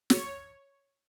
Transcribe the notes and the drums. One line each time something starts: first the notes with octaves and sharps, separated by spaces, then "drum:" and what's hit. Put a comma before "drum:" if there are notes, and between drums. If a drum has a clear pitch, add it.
C#5, drum: snare